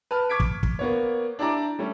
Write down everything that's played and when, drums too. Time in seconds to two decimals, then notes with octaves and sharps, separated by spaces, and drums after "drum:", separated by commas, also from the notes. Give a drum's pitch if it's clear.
0.11 B4 A5 F6
0.29 C#6 D6 G#6 B6 D7
0.40 drum: kick
0.63 drum: kick
0.79 A#3 B3 C#5
1.39 D4 E4 G4 D5 A#5 D6
1.79 G3 A3 C#4